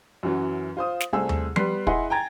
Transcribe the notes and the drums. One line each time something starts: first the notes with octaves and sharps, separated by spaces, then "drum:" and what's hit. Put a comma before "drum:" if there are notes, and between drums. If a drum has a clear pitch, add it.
F#2 E3 F#3
F4 C5 D#6
drum: snare
C2 A3 G#4 C5 E6
drum: tom D#2
G3 B3 C6 F#6 B6 C7, drum: tom F3
E4 G#4 D#5 F#5 C6, drum: kick
G5 G#5 A#5 G#6 A6